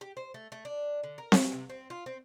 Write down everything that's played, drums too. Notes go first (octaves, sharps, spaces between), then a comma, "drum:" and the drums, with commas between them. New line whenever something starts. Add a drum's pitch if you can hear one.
G4
C5
A3
A3
D4
D3
A#4
F#3, drum: snare C4
C3
C4
F4
C4